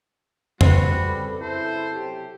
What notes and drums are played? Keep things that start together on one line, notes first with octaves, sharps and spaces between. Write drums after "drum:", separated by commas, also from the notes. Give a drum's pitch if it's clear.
G3 C4 F#4 B4, drum: tom F2
C#3 A4
D2 C#3 E4 A4 C5
C3 F#3 G4